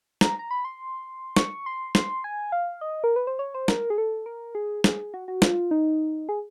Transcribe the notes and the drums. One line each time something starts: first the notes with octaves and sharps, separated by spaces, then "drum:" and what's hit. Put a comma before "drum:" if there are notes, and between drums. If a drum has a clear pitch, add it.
A#5, drum: snare
A#5
B5
C6
C#6, drum: snare
C6
C6, drum: snare
G#5
F5
D#5
A#4
B4
C5
C#5
C5
A#4, drum: snare
G#4
A4
A#4
G#4
G#4, drum: snare
F#4
F#4
F4, drum: snare
D#4
G#4